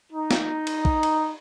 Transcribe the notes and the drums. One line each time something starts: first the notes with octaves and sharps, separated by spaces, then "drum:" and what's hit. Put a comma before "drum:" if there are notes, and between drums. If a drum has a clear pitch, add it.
D#4
drum: snare
drum: cymbal
drum: kick
drum: cymbal